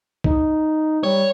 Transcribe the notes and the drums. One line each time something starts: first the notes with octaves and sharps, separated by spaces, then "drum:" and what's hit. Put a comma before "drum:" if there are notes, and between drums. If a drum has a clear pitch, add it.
D#4, drum: kick B1
G3 C#5